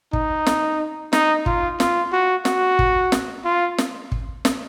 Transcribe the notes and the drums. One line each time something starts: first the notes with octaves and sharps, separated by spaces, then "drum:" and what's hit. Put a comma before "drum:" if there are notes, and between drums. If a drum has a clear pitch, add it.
D#4, drum: kick
drum: snare
D#4, drum: snare
F4, drum: kick
F4, drum: snare
F#4
F#4, drum: snare
drum: kick
drum: snare
F4
drum: snare
drum: kick
drum: snare